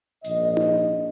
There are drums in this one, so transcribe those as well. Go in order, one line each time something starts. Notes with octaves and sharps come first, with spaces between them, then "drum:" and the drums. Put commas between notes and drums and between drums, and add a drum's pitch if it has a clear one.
A#1 G#2 D#5, drum: hi-hat
drum: tom D#4